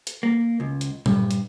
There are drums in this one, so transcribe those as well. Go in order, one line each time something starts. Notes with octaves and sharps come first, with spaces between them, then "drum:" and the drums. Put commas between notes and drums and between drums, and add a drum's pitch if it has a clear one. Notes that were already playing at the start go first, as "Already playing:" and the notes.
drum: hi-hat
A#3
C#2
drum: hi-hat
G2, drum: tom A#2
drum: hi-hat